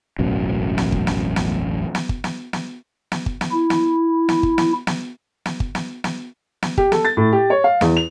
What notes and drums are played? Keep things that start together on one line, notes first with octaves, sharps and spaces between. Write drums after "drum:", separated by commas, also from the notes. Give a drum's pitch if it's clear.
E1 A1 F#2 B2
drum: snare
drum: kick G1
drum: snare
drum: snare
drum: snare
drum: kick G1
drum: snare
drum: snare
drum: snare
drum: kick G1
drum: snare
E4
drum: snare
drum: snare
drum: kick G1
drum: snare
drum: snare
drum: snare
drum: kick G1
drum: snare
drum: snare
drum: snare
G4, drum: kick G1
A4, drum: snare
A6
A2
G4
C#5
F5
E2, drum: snare
F7